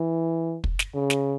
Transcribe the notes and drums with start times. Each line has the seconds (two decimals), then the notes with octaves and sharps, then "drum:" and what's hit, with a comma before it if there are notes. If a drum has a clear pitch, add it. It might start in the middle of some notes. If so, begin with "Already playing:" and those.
Already playing: E3
0.64 drum: kick
0.79 drum: snare
0.95 C#3
1.10 drum: snare